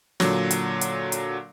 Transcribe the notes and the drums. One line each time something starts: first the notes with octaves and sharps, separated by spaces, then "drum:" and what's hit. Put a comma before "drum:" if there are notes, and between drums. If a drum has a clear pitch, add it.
A#2 D3 F#3, drum: snare
drum: hi-hat
drum: hi-hat
drum: hi-hat